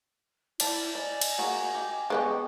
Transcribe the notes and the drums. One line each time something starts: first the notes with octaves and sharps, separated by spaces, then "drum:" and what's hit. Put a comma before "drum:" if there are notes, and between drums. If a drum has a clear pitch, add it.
E4 D5 A5, drum: cymbal
D5 D#5 G#5
drum: cymbal
A#3 F#4 G#4
G4
G#3 B3 G4 D#5 G5 C#6